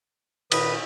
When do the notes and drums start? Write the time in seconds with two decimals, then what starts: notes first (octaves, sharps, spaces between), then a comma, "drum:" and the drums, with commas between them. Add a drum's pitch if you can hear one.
0.52 A#2 D#3 B4 D#6, drum: cymbal